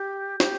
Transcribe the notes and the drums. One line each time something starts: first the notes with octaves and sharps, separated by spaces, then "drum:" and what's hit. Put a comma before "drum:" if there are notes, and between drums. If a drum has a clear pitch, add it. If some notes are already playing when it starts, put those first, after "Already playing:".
Already playing: G4
G4, drum: snare